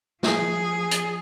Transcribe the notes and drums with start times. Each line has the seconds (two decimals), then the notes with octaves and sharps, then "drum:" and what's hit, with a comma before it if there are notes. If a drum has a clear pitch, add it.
0.23 F3 G#4, drum: snare
0.91 drum: hi-hat